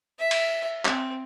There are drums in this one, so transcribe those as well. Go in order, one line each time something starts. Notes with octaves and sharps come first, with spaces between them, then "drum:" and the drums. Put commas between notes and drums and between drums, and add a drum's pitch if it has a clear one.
E5
drum: cymbal
C4, drum: clap